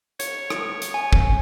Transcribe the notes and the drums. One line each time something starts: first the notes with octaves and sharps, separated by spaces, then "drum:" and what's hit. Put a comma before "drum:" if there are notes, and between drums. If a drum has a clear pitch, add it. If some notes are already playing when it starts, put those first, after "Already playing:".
C#5, drum: hi-hat
drum: rim click
drum: hi-hat
G#5
drum: kick